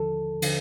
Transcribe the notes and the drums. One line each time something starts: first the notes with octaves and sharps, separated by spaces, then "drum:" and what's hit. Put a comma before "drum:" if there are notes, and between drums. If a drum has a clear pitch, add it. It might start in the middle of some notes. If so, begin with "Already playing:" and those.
Already playing: D#2 D3 F3 A4
D3 F3, drum: cymbal